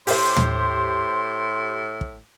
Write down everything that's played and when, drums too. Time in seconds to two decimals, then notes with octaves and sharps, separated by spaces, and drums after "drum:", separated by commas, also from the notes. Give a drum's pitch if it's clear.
0.07 A2 G4 C5 C6, drum: open hi-hat
0.36 drum: tom
2.01 drum: kick